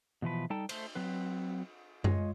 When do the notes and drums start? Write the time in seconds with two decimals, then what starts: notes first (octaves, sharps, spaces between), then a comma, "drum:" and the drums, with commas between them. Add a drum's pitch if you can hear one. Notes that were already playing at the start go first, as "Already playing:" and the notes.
0.22 B2 E3 F3 B4
0.50 G3 D#4 A4 G5 A5
0.69 A3 C5, drum: cymbal
0.95 F#3 C4 B4
2.04 G#3 F4 C#5 D#5, drum: tom F#2